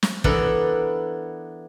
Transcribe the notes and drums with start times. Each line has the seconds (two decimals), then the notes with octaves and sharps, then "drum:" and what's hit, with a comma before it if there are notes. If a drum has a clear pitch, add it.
0.03 drum: snare
0.24 E3 B3 D4 A4 A#4, drum: kick